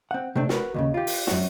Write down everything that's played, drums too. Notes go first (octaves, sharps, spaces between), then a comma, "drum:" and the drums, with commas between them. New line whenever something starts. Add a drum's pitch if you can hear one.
C4 F#5
C3 A3 C4 D4
F#4 A#4 B4, drum: snare
D#2 A#2 C#3
F4 G4
drum: open hi-hat
F#2 F#4, drum: snare